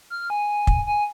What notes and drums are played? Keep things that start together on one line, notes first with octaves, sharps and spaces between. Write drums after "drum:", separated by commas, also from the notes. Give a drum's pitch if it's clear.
F6
G#5
drum: kick
G#5